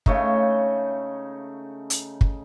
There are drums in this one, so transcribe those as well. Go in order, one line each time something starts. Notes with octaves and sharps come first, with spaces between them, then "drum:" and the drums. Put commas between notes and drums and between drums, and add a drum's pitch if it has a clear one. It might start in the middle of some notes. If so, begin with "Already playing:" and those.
C#3 A3 D#4, drum: kick
drum: hi-hat
drum: kick